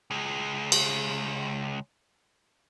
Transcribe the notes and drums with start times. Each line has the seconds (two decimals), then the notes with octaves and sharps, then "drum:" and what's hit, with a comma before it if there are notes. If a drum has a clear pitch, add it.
0.11 C#2 G#3
0.72 drum: cymbal